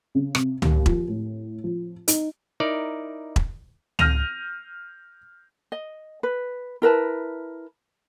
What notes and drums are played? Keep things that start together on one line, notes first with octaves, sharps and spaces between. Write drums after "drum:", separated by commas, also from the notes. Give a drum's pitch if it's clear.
C#3
C3, drum: rim click
D#2, drum: tom C#2
F3, drum: kick E1
A2
F3
D#4, drum: hi-hat
D#4 E4 A#4 D5
drum: kick E1
F6 G6 A#6 D#7 F7, drum: tom C#2
D#5
B4
E4 A#4 B4 A5